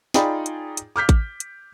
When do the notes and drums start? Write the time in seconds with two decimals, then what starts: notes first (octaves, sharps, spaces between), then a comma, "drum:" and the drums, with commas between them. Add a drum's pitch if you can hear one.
0.14 D#4 F4 G#4 D5 G5 B5, drum: snare
0.46 drum: hi-hat
0.77 drum: hi-hat
0.96 D6 F6 G6 B6
1.09 drum: kick A1, hi-hat
1.40 drum: hi-hat